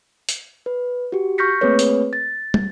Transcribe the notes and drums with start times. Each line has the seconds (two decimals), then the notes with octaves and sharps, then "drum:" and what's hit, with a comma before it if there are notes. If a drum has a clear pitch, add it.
0.29 drum: hi-hat
0.66 B4
1.12 F#4 G4
1.38 C#6 F6 G6 A#6 B6 C#7
1.61 A3 A#3 C4 G#4 B4 C#5
1.79 drum: hi-hat
2.13 A6
2.54 drum: tom